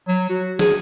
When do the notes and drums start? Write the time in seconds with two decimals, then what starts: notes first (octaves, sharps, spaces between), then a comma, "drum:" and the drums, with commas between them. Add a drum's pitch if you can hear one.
0.08 F#3
0.29 F#4
0.59 G#4, drum: snare